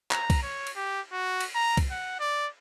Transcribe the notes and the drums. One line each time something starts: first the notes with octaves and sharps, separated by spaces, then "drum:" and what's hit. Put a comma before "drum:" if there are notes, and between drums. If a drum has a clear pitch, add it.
A#5, drum: clap
drum: kick C2, cymbal
C#5
drum: cymbal
G4
F#4
drum: cymbal
A#5
drum: kick C2, cymbal
F#5
D5